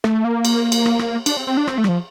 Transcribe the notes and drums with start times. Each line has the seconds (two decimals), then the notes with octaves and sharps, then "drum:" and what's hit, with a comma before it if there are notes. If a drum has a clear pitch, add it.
0.04 A3, drum: rim click
0.25 A#3
0.45 drum: cymbal
0.72 drum: cymbal
0.86 drum: rim click
0.99 drum: rim click
1.26 D4, drum: cymbal
1.37 C4
1.47 C4
1.57 D4
1.67 C4, drum: rim click
1.78 A3
1.84 G3, drum: rim click
1.88 F3